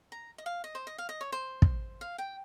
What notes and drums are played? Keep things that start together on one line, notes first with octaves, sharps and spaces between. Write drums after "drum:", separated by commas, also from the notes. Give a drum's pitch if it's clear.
A#5
D#5
F5
D#5
C5
D#5
F5
D#5
C#5
C5
drum: kick
F5
G5